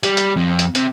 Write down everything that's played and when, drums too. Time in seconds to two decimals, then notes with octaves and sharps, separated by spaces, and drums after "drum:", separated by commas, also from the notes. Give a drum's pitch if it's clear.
0.03 G3, drum: hi-hat
0.17 drum: hi-hat
0.36 F2
0.59 drum: hi-hat
0.75 C3, drum: hi-hat